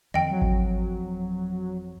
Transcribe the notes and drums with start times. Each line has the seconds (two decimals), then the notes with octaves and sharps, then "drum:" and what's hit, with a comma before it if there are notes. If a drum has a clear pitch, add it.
0.14 F2 D#5 G5, drum: tom D3
0.31 F#3
0.42 drum: kick G#1